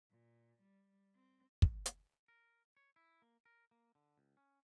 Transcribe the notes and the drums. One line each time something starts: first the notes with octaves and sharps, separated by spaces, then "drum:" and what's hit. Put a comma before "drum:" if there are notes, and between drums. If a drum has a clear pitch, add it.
A#2
G3
C4
drum: kick
drum: hi-hat
A#4
C#5
E4
A#3
A#4
A#3
D3
C#2
C#4